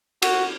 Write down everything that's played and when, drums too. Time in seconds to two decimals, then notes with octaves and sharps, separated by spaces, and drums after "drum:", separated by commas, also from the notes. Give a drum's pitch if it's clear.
0.22 F#4, drum: cymbal